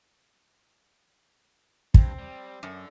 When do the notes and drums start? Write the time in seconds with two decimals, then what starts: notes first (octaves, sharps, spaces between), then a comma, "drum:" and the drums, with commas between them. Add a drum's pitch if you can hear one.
1.94 G2 C4, drum: kick
2.19 G3
2.63 F#2 D4 A4